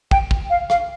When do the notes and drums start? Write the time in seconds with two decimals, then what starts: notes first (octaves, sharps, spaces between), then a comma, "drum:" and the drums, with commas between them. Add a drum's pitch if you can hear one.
0.11 G5, drum: kick
0.31 drum: kick
0.50 F5
0.70 F5, drum: rim click